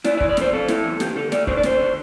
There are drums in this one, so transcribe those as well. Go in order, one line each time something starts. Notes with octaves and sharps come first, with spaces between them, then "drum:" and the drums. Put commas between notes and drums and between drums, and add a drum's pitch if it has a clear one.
E4 D5, drum: snare
D5
E2, drum: kick
D5
D3 C5, drum: snare
C4 A4
E4, drum: snare
E2
D3 G4, drum: snare
D3 A4
A3 D5, drum: snare
D4 C5, drum: kick
D5
D3 C5, drum: snare
D3